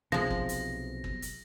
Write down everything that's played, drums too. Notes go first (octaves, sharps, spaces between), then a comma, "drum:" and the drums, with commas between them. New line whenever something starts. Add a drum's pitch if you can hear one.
B1 C3 F3 G#3 A#6
drum: kick
drum: hi-hat
drum: kick
drum: hi-hat